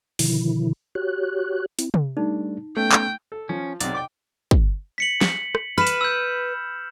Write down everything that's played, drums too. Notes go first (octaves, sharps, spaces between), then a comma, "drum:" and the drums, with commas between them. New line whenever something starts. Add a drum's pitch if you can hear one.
B2 D3 D#3 F3 E4, drum: open hi-hat
F#4 G4 C#5 F#6
C4 E4, drum: hi-hat
drum: tom
G3 A3 D4 D#4
A3 B3 C#4 G5
drum: clap
A4
F3 C#4
B1 C3 D5, drum: hi-hat
G5 D6
drum: kick
B6 C#7 F#7
drum: snare
drum: rim click
B4 F6 E7
drum: hi-hat
E6 G6